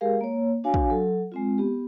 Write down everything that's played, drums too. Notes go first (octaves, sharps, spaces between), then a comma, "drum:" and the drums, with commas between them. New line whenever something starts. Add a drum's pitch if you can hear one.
G#3 G4 G#4 A#4 F5
A#3 C#5
D4 F#4 C#5 F5 G#5
drum: kick
F#3 A4
G#3 C4 F4
B3 G4